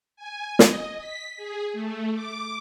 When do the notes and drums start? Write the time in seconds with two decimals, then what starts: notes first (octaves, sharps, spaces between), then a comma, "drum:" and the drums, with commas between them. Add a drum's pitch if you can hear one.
0.17 G#5
0.59 D#5, drum: snare
0.99 B6
1.37 G#4
1.73 A3
2.14 D6